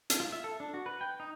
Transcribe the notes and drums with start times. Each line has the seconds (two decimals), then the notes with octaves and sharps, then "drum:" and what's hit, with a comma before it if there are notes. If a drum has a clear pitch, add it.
0.10 drum: hi-hat
0.20 F4
0.32 E5
0.44 A4
0.60 D4
0.74 F#4
0.86 B4
1.01 G5
1.20 D#4